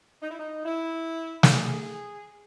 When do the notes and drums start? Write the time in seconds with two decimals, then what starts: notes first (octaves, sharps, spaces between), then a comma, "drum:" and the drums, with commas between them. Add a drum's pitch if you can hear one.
0.22 D#4
0.31 E4
0.40 D#4
0.65 E4
1.43 drum: snare
1.53 G#4